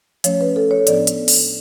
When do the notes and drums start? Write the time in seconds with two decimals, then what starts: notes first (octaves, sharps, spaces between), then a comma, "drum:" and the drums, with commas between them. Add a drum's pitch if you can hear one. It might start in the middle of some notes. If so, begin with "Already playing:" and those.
0.24 F3 A3 C#4 C#5, drum: hi-hat
0.41 B4
0.56 A4
0.71 C#5
0.87 A2 F3 B3 D4 D5, drum: hi-hat
1.07 drum: hi-hat
1.28 drum: open hi-hat